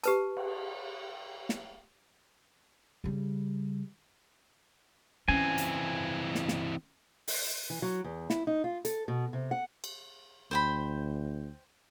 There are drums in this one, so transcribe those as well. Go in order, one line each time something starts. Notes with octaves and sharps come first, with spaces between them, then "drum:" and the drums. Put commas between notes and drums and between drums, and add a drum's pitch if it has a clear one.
G4 B4 A5, drum: hi-hat
drum: cymbal
drum: snare
C#3 G3
E3 C4 C#4 G#5
drum: hi-hat
drum: snare
drum: snare
drum: open hi-hat
E3
F#3
E2
E4, drum: snare
D#4
F4
A4, drum: hi-hat
B2
C3
F#5
drum: cymbal
D2 C5 G5 B5